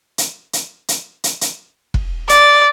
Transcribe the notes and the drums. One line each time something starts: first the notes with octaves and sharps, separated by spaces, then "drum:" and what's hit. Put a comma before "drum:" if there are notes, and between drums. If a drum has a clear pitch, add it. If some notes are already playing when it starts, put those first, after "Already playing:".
drum: hi-hat
drum: hi-hat
drum: hi-hat
drum: hi-hat
drum: hi-hat
drum: kick F1
D5, drum: hi-hat